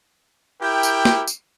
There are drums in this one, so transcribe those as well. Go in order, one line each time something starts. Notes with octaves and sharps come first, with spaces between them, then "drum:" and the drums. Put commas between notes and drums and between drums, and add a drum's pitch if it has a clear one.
E4 G4 A#4 G5
drum: tambourine
drum: snare
drum: tambourine